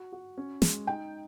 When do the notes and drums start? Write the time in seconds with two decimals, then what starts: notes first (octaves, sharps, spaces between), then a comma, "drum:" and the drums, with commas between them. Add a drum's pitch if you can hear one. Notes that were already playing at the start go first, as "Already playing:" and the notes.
Already playing: F#4
0.12 F#4
0.38 C#4
0.62 G#3, drum: snare
0.87 D#4 G5